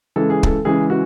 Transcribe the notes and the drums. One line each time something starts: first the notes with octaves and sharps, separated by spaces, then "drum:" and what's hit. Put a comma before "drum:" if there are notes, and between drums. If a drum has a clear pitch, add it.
C#3 E3 G#3 A4
G#4
A4, drum: kick
C#3 E3 G#3 G#4
F#4